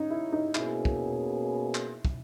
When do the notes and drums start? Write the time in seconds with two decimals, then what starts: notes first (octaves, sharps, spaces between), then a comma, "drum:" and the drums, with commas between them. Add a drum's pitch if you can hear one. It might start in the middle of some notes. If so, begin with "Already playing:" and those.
Already playing: C#4 D#4
0.10 E4
0.33 D#4
0.55 B2 A#3 C#4 E4 G#4, drum: clap
0.85 drum: kick
1.75 drum: clap
2.05 drum: kick